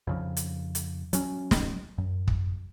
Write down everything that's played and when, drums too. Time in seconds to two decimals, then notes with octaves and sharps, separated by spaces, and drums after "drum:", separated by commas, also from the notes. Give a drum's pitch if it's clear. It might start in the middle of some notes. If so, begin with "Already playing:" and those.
0.07 F2 C#3 F3
0.37 drum: hi-hat
0.75 drum: hi-hat
1.13 F#3 C#4, drum: hi-hat
1.51 drum: snare
1.98 F#2
2.28 drum: kick